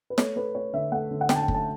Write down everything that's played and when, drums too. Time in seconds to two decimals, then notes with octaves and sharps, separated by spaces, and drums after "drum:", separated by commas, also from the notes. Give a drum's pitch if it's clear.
0.10 B4
0.18 A3 C#5, drum: snare
0.36 A3 B4
0.55 A3 C#5
0.73 D3 E5
0.92 A3 F#5
1.11 D3
1.21 F#5
1.29 D3 G5, drum: snare
1.36 A5
1.41 G5
1.48 A3, drum: kick
1.54 A5